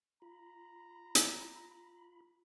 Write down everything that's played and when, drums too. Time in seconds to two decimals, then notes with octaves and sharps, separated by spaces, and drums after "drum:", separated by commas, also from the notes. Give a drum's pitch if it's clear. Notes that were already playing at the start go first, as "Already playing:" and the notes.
0.22 F4 A#5 B5
1.15 drum: hi-hat